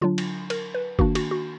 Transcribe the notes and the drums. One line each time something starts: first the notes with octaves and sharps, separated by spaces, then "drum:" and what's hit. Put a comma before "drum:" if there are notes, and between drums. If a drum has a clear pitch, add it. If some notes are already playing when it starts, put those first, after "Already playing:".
D3 F#3 D4 F4
drum: cymbal
A#4, drum: cymbal
B4
D#3 A#3 D4 F#4, drum: kick F#1
F#4, drum: cymbal
F#4